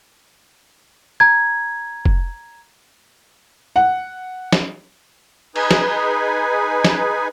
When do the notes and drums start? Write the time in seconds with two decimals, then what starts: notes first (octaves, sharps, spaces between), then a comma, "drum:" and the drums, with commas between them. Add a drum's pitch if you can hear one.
1.20 A#5 G#6
2.06 drum: kick F1
3.76 F#5
4.52 drum: snare
5.56 D#4 G#4 B4 G#5, drum: cymbal
5.71 drum: snare
6.84 drum: snare